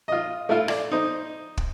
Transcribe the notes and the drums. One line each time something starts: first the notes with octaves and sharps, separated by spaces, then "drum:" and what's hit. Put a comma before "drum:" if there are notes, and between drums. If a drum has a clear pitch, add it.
F4 D#5
A3 E4 F4
D5, drum: rim click
D#4 C5
drum: kick